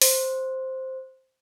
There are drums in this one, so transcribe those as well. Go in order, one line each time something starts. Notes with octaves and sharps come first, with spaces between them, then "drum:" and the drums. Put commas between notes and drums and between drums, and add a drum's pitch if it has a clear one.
C5, drum: open hi-hat